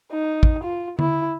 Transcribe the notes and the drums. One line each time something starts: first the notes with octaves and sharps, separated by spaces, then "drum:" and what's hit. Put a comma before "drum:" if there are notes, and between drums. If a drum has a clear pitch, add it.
D#4
drum: kick
F4
E4, drum: tom D3